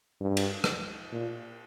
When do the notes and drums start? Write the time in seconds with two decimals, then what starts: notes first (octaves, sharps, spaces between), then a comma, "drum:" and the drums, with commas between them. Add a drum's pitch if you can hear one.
0.21 G2
0.37 drum: cymbal
0.64 drum: rim click
1.12 A#2